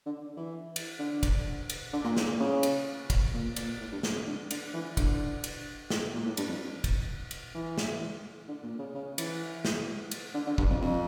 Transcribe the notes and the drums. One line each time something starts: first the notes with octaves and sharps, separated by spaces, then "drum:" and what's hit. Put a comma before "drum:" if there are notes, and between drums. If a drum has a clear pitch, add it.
D3
E3
drum: cymbal
D3
drum: kick, cymbal
drum: cymbal
D3
A#2
A2, drum: snare
A#2
C#3
drum: cymbal
drum: kick, cymbal
A#2
A#2, drum: cymbal
A2
G2
A2, drum: snare
F2
D3
D3, drum: cymbal
E3
D3, drum: kick, cymbal
drum: cymbal
drum: snare
A#2
A2
G2, drum: cymbal
F2
drum: kick, cymbal
drum: cymbal
E3
drum: snare
D3
A#2
C#3
C#3
E3, drum: cymbal
drum: snare
drum: cymbal
D3
D3
G2, drum: kick
F2
F2